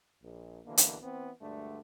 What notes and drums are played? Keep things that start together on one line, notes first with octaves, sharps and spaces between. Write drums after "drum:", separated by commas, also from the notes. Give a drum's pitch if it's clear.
A#1
B2 D3 E3 A#3
drum: hi-hat
E3 B3 C4
D2 G2 D3 G#3 A3